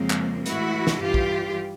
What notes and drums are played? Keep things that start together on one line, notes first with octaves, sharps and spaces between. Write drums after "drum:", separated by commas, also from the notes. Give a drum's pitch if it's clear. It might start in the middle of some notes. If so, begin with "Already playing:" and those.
Already playing: F2 C#3 F3 G#3 A#3 C4
drum: clap
A2 E3 G#3 E4 F#4, drum: hi-hat
drum: snare
G2 E3 G3 F4 G4
drum: kick A#1